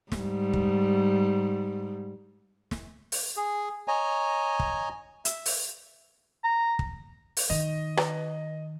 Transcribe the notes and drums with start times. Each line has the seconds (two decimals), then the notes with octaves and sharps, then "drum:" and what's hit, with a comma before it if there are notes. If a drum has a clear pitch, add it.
0.12 G#2 G3, drum: snare
0.53 drum: kick
2.71 drum: snare
3.12 drum: open hi-hat
3.37 G#4
3.88 C#5 D#5 G#5 A#5
4.59 drum: kick
5.25 E5, drum: hi-hat
5.46 drum: open hi-hat
6.44 A#5
6.79 drum: kick
7.37 drum: open hi-hat
7.50 D#3 D#5
7.97 B4 A#5, drum: rim click